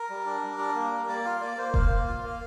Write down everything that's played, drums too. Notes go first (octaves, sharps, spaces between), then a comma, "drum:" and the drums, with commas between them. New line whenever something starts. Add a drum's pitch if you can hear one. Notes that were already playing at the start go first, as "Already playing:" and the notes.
Already playing: A#4
G3
D4
G3
D4
A#3
G3
A#3 D5
F4 F5
A#3 D5
A#3 C5
A#3 F5, drum: kick E1
A#3
F4
A#3